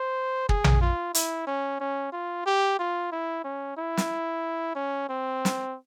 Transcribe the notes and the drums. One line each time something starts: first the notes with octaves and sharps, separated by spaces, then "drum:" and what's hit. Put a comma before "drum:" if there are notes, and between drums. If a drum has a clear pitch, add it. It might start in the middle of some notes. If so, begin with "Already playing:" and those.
Already playing: C5
G#4, drum: kick
drum: tom A#1
F4
E4, drum: hi-hat
C#4
C#4
F4
G4
F4
E4
C#4
E4
drum: snare
C#4
C4
drum: snare